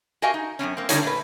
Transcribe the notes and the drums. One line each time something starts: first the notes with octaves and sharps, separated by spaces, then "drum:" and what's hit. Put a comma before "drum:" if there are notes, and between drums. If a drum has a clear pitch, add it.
F#4 G4 A#4 D#5 F5 G#5
D#4
F#2 A#2 C4 C#4
A#3 C4
D3 G3 D4 D#4 F4 C#5, drum: hi-hat
A#2 A3 B4